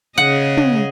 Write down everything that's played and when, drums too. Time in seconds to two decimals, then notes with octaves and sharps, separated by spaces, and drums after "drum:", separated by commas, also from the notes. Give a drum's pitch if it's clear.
0.18 C#3 G#4 D#5 F#5
0.57 drum: tom